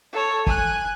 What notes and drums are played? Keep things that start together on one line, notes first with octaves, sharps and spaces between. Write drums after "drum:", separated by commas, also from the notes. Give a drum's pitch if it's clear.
A4 C#5
G#5 F#6, drum: kick